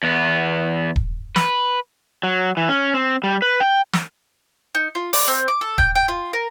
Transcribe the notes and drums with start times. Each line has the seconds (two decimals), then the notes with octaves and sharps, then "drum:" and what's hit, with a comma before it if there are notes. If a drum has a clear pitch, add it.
0.03 E2 B3
0.96 drum: kick D#1
1.36 B4, drum: snare
2.23 F#3
2.57 E3
2.69 C#4
2.94 C4
3.24 G3
3.42 B4
3.60 G5
3.93 drum: snare
4.75 D#4
4.95 F4
5.13 D5, drum: open hi-hat
5.28 C4
5.48 D6
5.61 A4
5.78 G5, drum: kick D#1
5.95 G5
6.08 F4
6.33 A#4